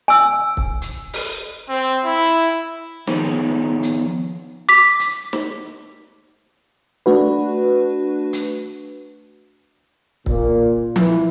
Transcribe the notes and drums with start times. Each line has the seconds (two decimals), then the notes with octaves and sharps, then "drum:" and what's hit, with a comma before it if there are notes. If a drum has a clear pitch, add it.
0.08 G#5 E6
0.57 drum: kick
0.82 drum: hi-hat
1.13 drum: open hi-hat
1.69 C4
2.05 E4
3.07 D#3 F3 B3 D#4 G#4 C#5, drum: snare
3.83 drum: hi-hat
4.69 D6 B6
4.99 drum: hi-hat
5.33 drum: snare
7.06 A3 D4 F#4 B4
8.33 drum: hi-hat
10.26 A#2, drum: kick
10.96 E3, drum: tom F3